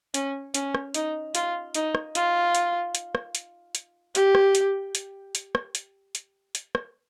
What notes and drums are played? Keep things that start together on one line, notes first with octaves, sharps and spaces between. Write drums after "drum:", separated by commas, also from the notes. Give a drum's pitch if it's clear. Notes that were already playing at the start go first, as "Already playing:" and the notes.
C#4, drum: hi-hat
C#4, drum: hi-hat
drum: rim click
D#4, drum: hi-hat
F4, drum: hi-hat
D#4, drum: hi-hat
drum: rim click
F4, drum: hi-hat
drum: hi-hat
drum: hi-hat
drum: rim click
drum: hi-hat
drum: hi-hat
G4, drum: hi-hat
drum: rim click
drum: hi-hat
drum: hi-hat
drum: hi-hat
drum: rim click
drum: hi-hat
drum: hi-hat
drum: hi-hat
drum: rim click